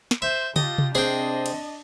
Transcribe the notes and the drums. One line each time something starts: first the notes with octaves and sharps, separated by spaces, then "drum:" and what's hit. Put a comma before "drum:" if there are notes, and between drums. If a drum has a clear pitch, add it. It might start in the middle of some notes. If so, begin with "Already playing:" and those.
drum: snare
C5 E5
F4 G4 D#5 A5, drum: tom
drum: tom C3
C3 C4 D4 G#4 C5 D#5 G5
drum: cymbal